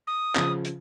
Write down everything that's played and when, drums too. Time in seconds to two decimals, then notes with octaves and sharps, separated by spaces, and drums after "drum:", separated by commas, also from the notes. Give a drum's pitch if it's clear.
0.07 D#6
0.36 C#3 F3, drum: clap
0.65 drum: hi-hat